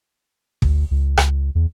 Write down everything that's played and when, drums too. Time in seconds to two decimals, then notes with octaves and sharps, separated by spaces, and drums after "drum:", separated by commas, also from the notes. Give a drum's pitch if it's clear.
0.62 D2, drum: kick
0.91 C#2
1.17 C#2, drum: rim click
1.55 E2